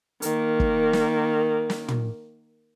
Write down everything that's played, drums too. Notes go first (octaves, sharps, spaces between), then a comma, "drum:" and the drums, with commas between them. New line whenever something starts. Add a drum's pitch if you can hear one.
D#3 A#3, drum: hi-hat
drum: kick
drum: snare
drum: snare
drum: tom